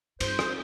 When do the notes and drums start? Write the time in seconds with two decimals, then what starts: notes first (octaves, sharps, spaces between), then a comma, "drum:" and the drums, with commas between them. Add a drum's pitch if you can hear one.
0.20 G2 C5, drum: cymbal
0.39 drum: rim click